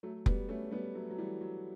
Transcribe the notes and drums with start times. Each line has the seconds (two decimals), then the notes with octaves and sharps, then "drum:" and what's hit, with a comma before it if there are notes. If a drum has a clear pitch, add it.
0.03 F#3 A3
0.26 G3 B3, drum: kick F1
0.49 A3 C#4
0.71 G3 B3
0.95 F#3 A3
1.11 F#3
1.18 E3 G3
1.41 F#3